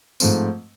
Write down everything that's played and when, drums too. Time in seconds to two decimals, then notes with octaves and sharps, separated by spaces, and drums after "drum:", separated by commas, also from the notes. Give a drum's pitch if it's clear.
0.20 G#2 F3 A3 C4, drum: tambourine